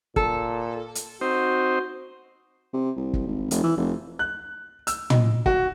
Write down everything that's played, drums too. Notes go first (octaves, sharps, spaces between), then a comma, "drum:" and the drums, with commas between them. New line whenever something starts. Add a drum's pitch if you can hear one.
A#2 A4, drum: kick
drum: hi-hat
C4 D#4 F#4 C5
C3
C2
drum: kick
G#1
F1, drum: hi-hat
E3
F1
F#6
E6, drum: hi-hat
D#5, drum: tom
F#4, drum: kick